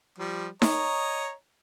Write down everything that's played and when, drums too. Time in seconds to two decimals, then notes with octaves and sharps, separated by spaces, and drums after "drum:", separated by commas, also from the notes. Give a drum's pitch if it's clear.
0.18 F3 G3
0.62 C#5 D#5 A#5, drum: snare D#4